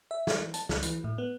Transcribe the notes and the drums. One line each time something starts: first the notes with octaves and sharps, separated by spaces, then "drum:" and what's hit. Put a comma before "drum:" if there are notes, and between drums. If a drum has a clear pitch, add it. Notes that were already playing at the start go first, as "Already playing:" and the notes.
E5
E5, drum: snare
E3
A5, drum: hi-hat
C#2, drum: snare
E3, drum: hi-hat
A2
B3